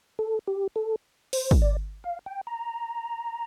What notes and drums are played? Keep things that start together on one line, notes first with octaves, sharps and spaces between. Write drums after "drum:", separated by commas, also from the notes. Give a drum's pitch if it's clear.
A4
G4
A4
C5, drum: open hi-hat
drum: kick
D5
F5
G5
A#5